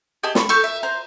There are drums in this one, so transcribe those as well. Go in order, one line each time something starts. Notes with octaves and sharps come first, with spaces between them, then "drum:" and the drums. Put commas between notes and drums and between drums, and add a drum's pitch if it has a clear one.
G4 G#4 D#5 A5
A4 B5 C#6, drum: snare
A4 B5 C#6 G6, drum: cymbal
E5
C5 A#5